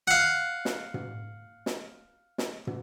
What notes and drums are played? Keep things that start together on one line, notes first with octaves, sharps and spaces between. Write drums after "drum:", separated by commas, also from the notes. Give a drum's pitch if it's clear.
F5 F#5
drum: snare
drum: tom
drum: snare
drum: snare
drum: tom